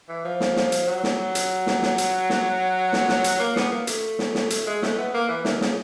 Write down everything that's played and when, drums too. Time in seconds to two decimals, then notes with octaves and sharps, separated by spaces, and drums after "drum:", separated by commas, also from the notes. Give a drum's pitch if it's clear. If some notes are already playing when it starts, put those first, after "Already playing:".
0.09 E3
0.24 F3
0.40 drum: snare
0.56 drum: snare
0.72 drum: hi-hat
0.87 F#3
1.03 drum: snare
1.35 drum: hi-hat
1.67 drum: snare
1.82 drum: snare
1.98 drum: hi-hat
2.30 drum: snare
2.93 drum: snare
3.08 drum: snare
3.24 drum: hi-hat
3.40 A#3
3.56 B3, drum: snare
3.71 A#3
3.87 A3, drum: hi-hat
4.19 drum: snare
4.35 drum: snare
4.50 drum: hi-hat
4.67 G#3
4.82 A3, drum: snare
4.98 B3
5.14 A#3
5.29 E3
5.45 D#3, drum: snare
5.61 C#3, drum: snare